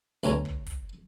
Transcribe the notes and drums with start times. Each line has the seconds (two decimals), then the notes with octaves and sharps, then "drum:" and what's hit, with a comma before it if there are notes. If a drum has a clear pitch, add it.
0.24 D2 B2 C#5 A#5, drum: hi-hat
0.45 drum: kick
0.66 drum: kick, hi-hat